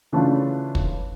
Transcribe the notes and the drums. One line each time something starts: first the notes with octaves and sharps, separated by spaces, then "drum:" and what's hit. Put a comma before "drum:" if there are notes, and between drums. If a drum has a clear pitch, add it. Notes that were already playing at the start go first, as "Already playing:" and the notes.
C#3 E3 A3 D4 F4
drum: kick